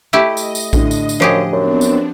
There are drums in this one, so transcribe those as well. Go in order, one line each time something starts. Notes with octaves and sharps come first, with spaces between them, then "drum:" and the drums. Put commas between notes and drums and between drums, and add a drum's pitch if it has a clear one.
A3 E4 G4 D#5
drum: tambourine
drum: tambourine
A2 D3, drum: kick A#1, tambourine
drum: tambourine
drum: tambourine
F#2 F3 G4 G#4
F#2 B3 C4 D4
drum: tambourine